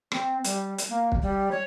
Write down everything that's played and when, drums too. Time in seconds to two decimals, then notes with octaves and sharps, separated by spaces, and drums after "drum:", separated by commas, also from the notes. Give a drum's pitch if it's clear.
0.12 C4, drum: rim click
0.44 G3, drum: hi-hat
0.78 drum: hi-hat
0.89 A#3
1.12 drum: kick
1.22 G3
1.51 C#5